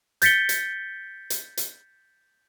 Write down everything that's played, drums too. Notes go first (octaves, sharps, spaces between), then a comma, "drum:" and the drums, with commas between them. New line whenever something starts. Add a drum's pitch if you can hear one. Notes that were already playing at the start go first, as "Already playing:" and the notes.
G6 A6 B6 C#7 G7, drum: hi-hat
drum: hi-hat
drum: hi-hat
drum: hi-hat